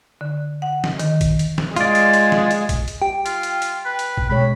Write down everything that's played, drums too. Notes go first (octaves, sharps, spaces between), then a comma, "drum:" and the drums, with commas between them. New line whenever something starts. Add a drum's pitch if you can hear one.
D3
F#5
drum: snare
D#3, drum: hi-hat
drum: kick A#1, hi-hat
drum: hi-hat
drum: snare
G#3 F4 D5, drum: hi-hat
drum: hi-hat
drum: hi-hat
drum: snare
drum: hi-hat
drum: kick A#1, hi-hat
drum: hi-hat
G4 G5
F4, drum: hi-hat
drum: hi-hat
drum: hi-hat
B4
drum: hi-hat
drum: kick A#1
B2 G#3 C#5 B5